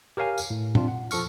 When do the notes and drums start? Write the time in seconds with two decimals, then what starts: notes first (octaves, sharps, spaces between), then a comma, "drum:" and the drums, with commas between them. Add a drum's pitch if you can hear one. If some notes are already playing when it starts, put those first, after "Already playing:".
0.17 G4 A#4 C#5 F5 G#5 F6
0.38 drum: tambourine
0.50 A2
0.75 C4 D4 F4, drum: tom
0.88 F#5
1.11 F3 A4 C#6 F6, drum: tambourine